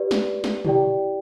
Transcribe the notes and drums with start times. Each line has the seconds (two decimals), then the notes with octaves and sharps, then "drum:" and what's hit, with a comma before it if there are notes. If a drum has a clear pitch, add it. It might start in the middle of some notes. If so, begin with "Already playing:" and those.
Already playing: G4 B4 D5
0.11 drum: snare
0.44 drum: snare
0.65 E4 G4 D5 G5, drum: tom